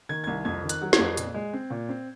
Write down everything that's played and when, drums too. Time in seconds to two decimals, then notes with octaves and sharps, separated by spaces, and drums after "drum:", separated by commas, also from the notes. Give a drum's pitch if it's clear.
0.09 D#3 G#6
0.24 G#6
0.27 C2
0.45 F2 G#6
0.64 D#3
0.69 F#6, drum: hi-hat
0.82 F#3
0.93 G#6, drum: snare
0.98 F2
1.17 A#2, drum: hi-hat
1.34 G#3
1.53 C4
1.70 A#2
1.89 C4